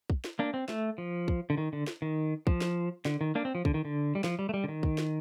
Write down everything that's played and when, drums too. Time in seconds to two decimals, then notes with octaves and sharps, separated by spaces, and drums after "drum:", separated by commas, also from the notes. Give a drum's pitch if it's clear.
0.10 drum: kick
0.24 drum: snare
0.39 A#3 D4
0.54 C4
0.68 A3, drum: snare
0.98 F3
1.28 drum: kick
1.50 D3
1.58 D#3
1.73 D3
1.87 drum: snare
2.02 D#3
2.47 F3, drum: kick
2.61 drum: snare
3.05 D3, drum: snare
3.21 D#3
3.35 A#3 D4
3.45 C4
3.55 F3
3.65 D3, drum: kick
3.74 D#3
3.85 D3
4.15 G3
4.24 F3, drum: snare
4.39 G3
4.49 A3
4.54 G3
4.64 D3
4.68 D#3
4.83 drum: kick
4.98 drum: snare